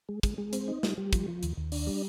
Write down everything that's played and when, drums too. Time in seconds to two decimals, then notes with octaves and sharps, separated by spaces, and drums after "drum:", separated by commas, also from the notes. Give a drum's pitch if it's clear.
0.09 G#3
0.23 G#3, drum: kick, hi-hat
0.38 G#3
0.53 C4, drum: hi-hat
0.68 D#4
0.83 G3, drum: snare
0.98 G3
1.13 F3, drum: kick, hi-hat
1.28 F3
1.43 D#2, drum: hi-hat
1.57 D#2
1.72 D4, drum: open hi-hat
1.87 G3